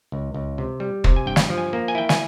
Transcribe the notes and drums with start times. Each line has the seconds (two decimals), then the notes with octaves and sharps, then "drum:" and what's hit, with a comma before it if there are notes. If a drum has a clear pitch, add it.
0.12 C#2
0.34 C#2
0.58 C3
0.80 G3
1.04 C3, drum: kick
1.16 G#5
1.26 G2 G5
1.36 drum: snare
1.50 F3
1.58 G#5
1.73 A#3
1.88 G#5
1.95 E4 G5
2.09 G#5, drum: snare